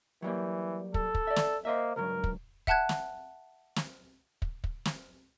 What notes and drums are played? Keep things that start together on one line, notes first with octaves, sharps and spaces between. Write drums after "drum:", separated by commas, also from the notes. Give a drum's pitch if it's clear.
E3 F#3 G3 A#3
A4, drum: kick
drum: kick
D5 E5
drum: snare
A#3 C5 D#5 E5
C#2 G2 F#3 A#4
drum: kick
E5 F#5 A5 F#6 G#6, drum: kick
drum: snare
drum: snare
drum: kick
drum: kick
drum: snare